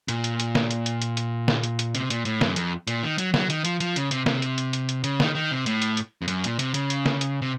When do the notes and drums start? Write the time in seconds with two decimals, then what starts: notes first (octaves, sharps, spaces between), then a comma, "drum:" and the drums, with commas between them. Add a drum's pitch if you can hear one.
0.08 A#2, drum: hi-hat
0.24 drum: hi-hat
0.40 drum: hi-hat
0.55 drum: snare
0.71 drum: hi-hat
0.86 drum: hi-hat
1.02 drum: hi-hat
1.17 drum: hi-hat
1.48 drum: snare
1.63 drum: hi-hat
1.79 drum: hi-hat
1.95 C3, drum: hi-hat
2.10 A#2, drum: hi-hat
2.25 A2, drum: hi-hat
2.41 F#2, drum: snare
2.56 F2, drum: hi-hat
2.87 A#2, drum: hi-hat
3.03 D#3
3.18 F#3, drum: hi-hat
3.34 F#3, drum: snare
3.50 D#3, drum: hi-hat
3.65 F3, drum: hi-hat
3.80 F3, drum: hi-hat
3.96 C#3, drum: hi-hat
4.11 C3, drum: hi-hat
4.26 C3, drum: snare
4.42 drum: hi-hat
4.58 drum: hi-hat
4.73 drum: hi-hat
4.89 drum: hi-hat
5.04 C#3, drum: hi-hat
5.20 D#3, drum: snare
5.35 D#3
5.51 C3
5.66 A2, drum: hi-hat
5.82 drum: hi-hat
5.97 drum: hi-hat
6.22 F2
6.28 F#2, drum: hi-hat
6.44 A#2, drum: hi-hat
6.59 C3, drum: hi-hat
6.74 C#3, drum: hi-hat
6.90 drum: hi-hat
7.06 drum: snare
7.21 drum: hi-hat
7.42 C3